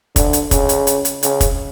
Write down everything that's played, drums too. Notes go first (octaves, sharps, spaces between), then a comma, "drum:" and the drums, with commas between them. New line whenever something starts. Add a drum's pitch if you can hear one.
D3, drum: kick, hi-hat
drum: hi-hat
C#3, drum: kick, hi-hat
drum: hi-hat
drum: hi-hat
drum: hi-hat
C#3, drum: hi-hat
drum: kick, hi-hat